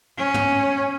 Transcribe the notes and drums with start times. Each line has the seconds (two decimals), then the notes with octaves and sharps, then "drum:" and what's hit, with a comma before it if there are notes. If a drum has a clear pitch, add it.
0.18 C#4
0.34 drum: tom